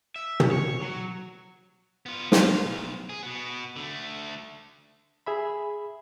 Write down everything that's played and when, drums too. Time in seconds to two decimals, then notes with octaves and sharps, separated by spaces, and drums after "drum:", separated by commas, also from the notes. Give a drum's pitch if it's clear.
0.16 E5
0.40 drum: tom
0.51 C#5
0.82 F#3
2.06 B3 F4
2.32 F4, drum: snare
2.65 B1
3.10 G#4
3.23 B2 B3
3.76 D3 A3
5.26 G#4 E5 B5